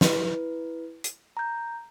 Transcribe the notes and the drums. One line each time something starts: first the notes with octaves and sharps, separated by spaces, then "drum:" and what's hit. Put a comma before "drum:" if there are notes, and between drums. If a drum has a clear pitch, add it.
E4 B4, drum: snare
drum: hi-hat
A#5 G6